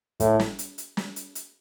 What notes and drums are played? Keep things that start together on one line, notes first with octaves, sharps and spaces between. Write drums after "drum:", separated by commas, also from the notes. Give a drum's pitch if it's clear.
A2, drum: kick, hi-hat
drum: snare
drum: hi-hat
drum: hi-hat
drum: snare
drum: hi-hat
drum: hi-hat